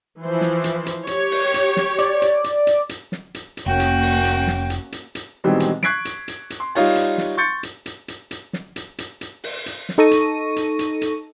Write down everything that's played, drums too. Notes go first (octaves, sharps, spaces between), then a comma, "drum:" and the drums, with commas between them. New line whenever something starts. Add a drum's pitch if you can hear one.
E3 F3 C5
drum: snare
drum: hi-hat
drum: hi-hat
G4 C#5, drum: hi-hat
drum: open hi-hat
drum: hi-hat
drum: snare
D5, drum: hi-hat
drum: hi-hat
drum: hi-hat
drum: hi-hat
drum: hi-hat
drum: snare
drum: hi-hat
drum: hi-hat
F1 A#3 C#4 F#4 G5
drum: hi-hat
drum: open hi-hat
drum: hi-hat
drum: snare
drum: hi-hat
drum: hi-hat
drum: hi-hat
B2 D#3 E3 G3 G#3 C4
drum: hi-hat
C#6 F#6 G#6 B6 C7 D7, drum: snare
drum: hi-hat
drum: hi-hat
drum: hi-hat
C6
G3 D#4 F4 C#5, drum: open hi-hat
drum: hi-hat
drum: snare
C6 C#6 G6 A6 C#7
drum: hi-hat
drum: hi-hat
drum: hi-hat
drum: hi-hat
drum: snare
drum: hi-hat
drum: hi-hat
drum: hi-hat
drum: open hi-hat
drum: hi-hat
drum: snare
D#4 A4 C#6 A#6 D#7
drum: hi-hat
drum: hi-hat
drum: hi-hat
drum: hi-hat